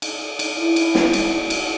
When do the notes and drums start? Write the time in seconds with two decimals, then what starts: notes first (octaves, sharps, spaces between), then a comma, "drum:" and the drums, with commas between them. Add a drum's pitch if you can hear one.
0.02 drum: cymbal
0.39 drum: cymbal
0.58 E4
0.76 drum: cymbal
0.95 drum: snare
1.13 F#4, drum: cymbal
1.50 drum: cymbal